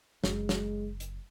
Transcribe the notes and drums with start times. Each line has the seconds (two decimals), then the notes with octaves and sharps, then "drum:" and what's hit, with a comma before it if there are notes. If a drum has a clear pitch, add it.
0.24 F#1 G#3, drum: snare
0.49 drum: snare
1.00 drum: hi-hat